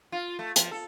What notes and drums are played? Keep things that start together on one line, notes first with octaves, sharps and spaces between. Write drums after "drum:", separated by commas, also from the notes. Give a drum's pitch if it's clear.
F4
A3
F3, drum: hi-hat
A4